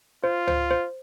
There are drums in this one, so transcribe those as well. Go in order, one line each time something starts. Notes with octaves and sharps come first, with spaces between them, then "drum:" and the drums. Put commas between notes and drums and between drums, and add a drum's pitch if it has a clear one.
F4 C5
C5, drum: tom C#2
C5